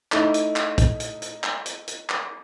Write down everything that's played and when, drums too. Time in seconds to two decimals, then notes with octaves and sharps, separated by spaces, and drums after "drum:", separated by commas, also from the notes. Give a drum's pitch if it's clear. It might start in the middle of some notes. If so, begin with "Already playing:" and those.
0.12 A3 D#4 E4, drum: clap
0.34 drum: hi-hat
0.56 drum: clap
0.78 drum: kick, hi-hat
1.00 drum: hi-hat
1.22 drum: hi-hat
1.44 drum: clap
1.66 drum: hi-hat
1.88 drum: hi-hat
2.09 drum: clap